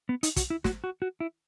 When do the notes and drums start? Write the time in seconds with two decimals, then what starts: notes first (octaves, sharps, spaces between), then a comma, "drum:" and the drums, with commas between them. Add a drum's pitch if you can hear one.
0.09 B3
0.23 D#4, drum: hi-hat
0.36 F#4, drum: kick, hi-hat
0.50 E4
0.64 F#4, drum: snare
0.84 F#4
1.02 F#4
1.20 E4